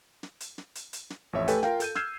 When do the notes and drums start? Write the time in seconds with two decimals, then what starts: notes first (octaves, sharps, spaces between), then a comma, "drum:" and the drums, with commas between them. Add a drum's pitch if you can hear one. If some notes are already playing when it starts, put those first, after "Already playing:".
0.23 drum: snare
0.40 drum: hi-hat
0.58 drum: snare
0.75 drum: hi-hat
0.93 drum: hi-hat
1.10 drum: snare
1.33 A1 F2 C#5 E5
1.48 A3 G4 A4 B4 G5 G#5, drum: hi-hat
1.63 F4 A#4 F5 G5, drum: snare
1.80 A4 G6 D#7, drum: hi-hat
1.95 E6 F6 G6 G#6 C7 E7, drum: snare